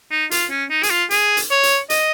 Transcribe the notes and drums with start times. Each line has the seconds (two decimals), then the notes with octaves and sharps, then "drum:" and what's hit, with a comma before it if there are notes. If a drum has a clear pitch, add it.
0.11 D#4
0.31 F4, drum: hi-hat
0.51 C#4
0.70 D#4
0.83 G#4, drum: hi-hat
0.91 F4
1.10 G#4, drum: hi-hat
1.37 drum: hi-hat
1.51 C#5
1.63 drum: hi-hat
1.90 D#5, drum: hi-hat